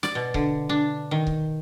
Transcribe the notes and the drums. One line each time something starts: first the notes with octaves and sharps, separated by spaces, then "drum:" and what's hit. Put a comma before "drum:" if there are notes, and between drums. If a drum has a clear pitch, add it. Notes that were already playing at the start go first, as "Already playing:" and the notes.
D5, drum: snare
B2
D3, drum: kick C#1
D4
D#3
drum: kick C#1